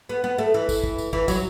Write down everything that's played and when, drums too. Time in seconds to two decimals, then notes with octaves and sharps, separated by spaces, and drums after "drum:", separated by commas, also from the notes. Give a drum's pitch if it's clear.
0.09 B3
0.24 B3
0.38 A3
0.54 E3
0.69 drum: kick, tambourine
0.84 drum: kick
0.98 drum: tambourine
1.13 E3, drum: kick
1.28 F#3, drum: kick, tambourine